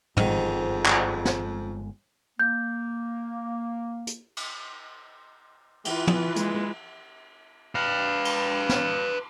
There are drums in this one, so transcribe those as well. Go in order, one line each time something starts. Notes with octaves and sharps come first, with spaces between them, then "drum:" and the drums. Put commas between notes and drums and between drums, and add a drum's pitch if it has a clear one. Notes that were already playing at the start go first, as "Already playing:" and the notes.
G1 F2 G#2 D#3 G#3, drum: tom
drum: clap
drum: snare
A#3 G6
drum: hi-hat
drum: cymbal
E3 F4 B4, drum: cymbal
drum: tom
G#3, drum: hi-hat
B4 F5
drum: cymbal
drum: snare